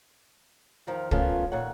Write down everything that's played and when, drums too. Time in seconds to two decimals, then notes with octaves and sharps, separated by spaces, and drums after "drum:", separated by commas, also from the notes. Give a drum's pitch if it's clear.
0.87 E2 D#3 F3
1.11 F3 A3 B3 C#4 F4 A#4, drum: kick
1.52 D#2 A#2 C#5 F#5